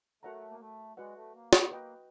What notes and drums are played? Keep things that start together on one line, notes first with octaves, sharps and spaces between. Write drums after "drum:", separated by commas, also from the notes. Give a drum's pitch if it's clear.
A3 F#4 A#4 C#5 F#5 A#5
A#3
A3
G#3 F#4 B4 D5 F#5
A3
A#3
B3, drum: snare
A#3 F#4 B4 D#5 G5